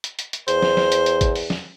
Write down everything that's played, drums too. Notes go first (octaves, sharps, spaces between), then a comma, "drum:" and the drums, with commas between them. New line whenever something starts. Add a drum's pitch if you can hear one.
drum: hi-hat
drum: hi-hat
drum: hi-hat
E2 C5, drum: hi-hat
drum: snare
drum: snare
drum: hi-hat
drum: hi-hat
drum: kick, hi-hat
drum: open hi-hat
drum: snare